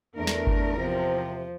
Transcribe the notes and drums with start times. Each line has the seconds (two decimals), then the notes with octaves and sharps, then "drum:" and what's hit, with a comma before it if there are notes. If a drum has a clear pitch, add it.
0.16 E2 A3 D4 A#4
0.27 drum: snare
0.47 drum: kick G1
0.77 C3 F3